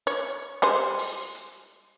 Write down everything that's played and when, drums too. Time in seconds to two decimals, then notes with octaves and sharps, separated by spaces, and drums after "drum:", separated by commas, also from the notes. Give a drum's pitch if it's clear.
0.07 C#5
0.62 G3 G#3 C5
0.80 drum: hi-hat
0.98 drum: open hi-hat
1.35 drum: hi-hat